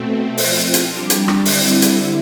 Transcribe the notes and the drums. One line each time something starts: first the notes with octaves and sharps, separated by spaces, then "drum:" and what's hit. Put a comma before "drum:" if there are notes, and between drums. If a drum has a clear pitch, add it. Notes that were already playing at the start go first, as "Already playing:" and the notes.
Already playing: B2 A3 C4
F3 C4 F4, drum: open hi-hat
drum: hi-hat
G3 D4 G4
drum: hi-hat
drum: rim click
D3 G3 C4 E4, drum: open hi-hat
drum: hi-hat